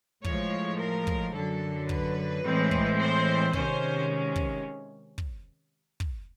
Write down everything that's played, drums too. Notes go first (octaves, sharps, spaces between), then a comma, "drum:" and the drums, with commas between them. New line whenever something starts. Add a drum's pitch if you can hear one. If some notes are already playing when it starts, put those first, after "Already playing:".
A2 F3 G#3 C#5, drum: kick
A#4
drum: kick
F#2 D3 F#3 A4
B4, drum: kick
A2 E3 G#3 C4
drum: kick
C5
C3 D#3 G#3 C#4 C5, drum: kick
drum: kick
drum: kick
drum: kick